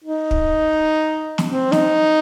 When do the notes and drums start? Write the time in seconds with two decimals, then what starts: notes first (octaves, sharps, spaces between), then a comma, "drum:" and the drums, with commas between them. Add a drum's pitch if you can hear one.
0.04 D#4
0.31 drum: kick
1.38 drum: snare
1.48 C4
1.72 D#4, drum: snare